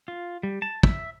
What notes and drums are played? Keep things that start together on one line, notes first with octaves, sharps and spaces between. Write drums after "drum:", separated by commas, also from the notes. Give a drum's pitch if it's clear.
F4
G3
A5
E5, drum: kick